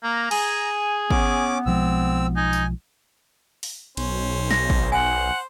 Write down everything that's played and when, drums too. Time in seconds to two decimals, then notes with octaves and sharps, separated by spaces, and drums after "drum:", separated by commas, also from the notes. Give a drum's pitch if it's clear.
0.04 A#3 A#5
0.31 G#4 G#5, drum: cymbal
1.11 B3 C#4 D6, drum: kick
1.66 B1 F3 G#3 C4 E6
2.36 D#4 G#5
2.53 drum: tambourine
3.63 drum: open hi-hat
3.97 B1 C#4 C5, drum: cymbal
4.51 A#6, drum: snare
4.70 drum: kick
4.92 C5 F#5 G#5